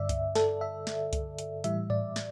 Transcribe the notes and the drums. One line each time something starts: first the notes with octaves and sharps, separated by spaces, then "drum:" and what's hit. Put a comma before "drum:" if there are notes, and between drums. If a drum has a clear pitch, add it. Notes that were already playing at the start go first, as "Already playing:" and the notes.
Already playing: G2 D3 D5 E5
drum: kick C#2, hi-hat
A4, drum: snare
E5
drum: snare
drum: kick C#2, hi-hat
drum: hi-hat
A2 E3 G3 E5, drum: hi-hat
D5, drum: tom G#2
drum: snare